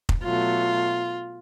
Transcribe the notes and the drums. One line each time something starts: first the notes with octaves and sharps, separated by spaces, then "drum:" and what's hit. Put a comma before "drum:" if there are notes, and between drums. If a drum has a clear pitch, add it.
drum: kick F1
B2 F#3 A3 F4